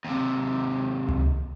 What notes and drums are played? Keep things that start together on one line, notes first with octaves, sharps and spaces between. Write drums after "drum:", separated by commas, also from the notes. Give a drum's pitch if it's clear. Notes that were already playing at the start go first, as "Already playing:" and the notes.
D#2 C3
drum: tom C#2